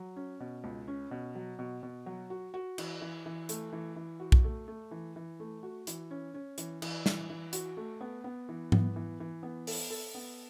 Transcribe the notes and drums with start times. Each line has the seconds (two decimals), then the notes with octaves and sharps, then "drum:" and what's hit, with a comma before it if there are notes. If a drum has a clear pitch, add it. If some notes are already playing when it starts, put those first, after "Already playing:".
Already playing: F#3
0.16 C#4
0.40 B2
0.64 C#2
0.88 C#4
1.11 B2
1.35 F#3
1.59 B2
1.83 B2
2.06 F#3
2.30 F#4
2.54 F#4
2.78 E3, drum: cymbal
3.01 E3
3.26 E3
3.49 A3, drum: hi-hat
3.73 E3
3.96 E3
4.20 F#4
4.32 drum: kick B1
4.44 A3
4.68 A3
4.91 E3
5.16 E3
5.40 A3
5.63 F#4
5.87 E3, drum: hi-hat
6.11 C#4
6.34 C#4
6.58 E3, drum: hi-hat
6.82 E3, drum: cymbal
7.06 E3, drum: snare
7.30 E3
7.53 F#4, drum: hi-hat
7.77 A3
8.01 B3
8.24 B3
8.49 E3
8.72 B3, drum: tom G#2
8.96 E3
9.20 E3
9.43 B3
9.67 A4, drum: open hi-hat
9.90 A4
10.15 B3